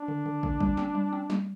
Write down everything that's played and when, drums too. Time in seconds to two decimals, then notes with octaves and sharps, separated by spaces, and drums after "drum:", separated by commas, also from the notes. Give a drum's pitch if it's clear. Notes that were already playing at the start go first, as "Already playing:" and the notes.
Already playing: D4
0.08 D3
0.26 D3
0.43 D3, drum: kick
0.60 G3, drum: kick
0.77 C4, drum: snare
0.95 G3
1.13 C4
1.30 G3, drum: snare